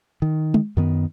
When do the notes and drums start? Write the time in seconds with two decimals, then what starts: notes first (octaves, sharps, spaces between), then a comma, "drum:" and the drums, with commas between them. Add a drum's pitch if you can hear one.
0.22 D#3
0.54 drum: tom
0.77 F#2 D#3 B3